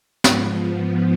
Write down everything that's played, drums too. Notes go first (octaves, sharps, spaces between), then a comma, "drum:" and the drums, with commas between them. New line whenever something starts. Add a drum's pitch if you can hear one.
G#2 F3 B3, drum: snare